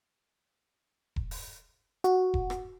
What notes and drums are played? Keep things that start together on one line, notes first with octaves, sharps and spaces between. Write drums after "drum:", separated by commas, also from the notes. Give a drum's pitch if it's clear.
drum: kick E1
drum: open hi-hat
F#4, drum: hi-hat
drum: kick E1
drum: rim click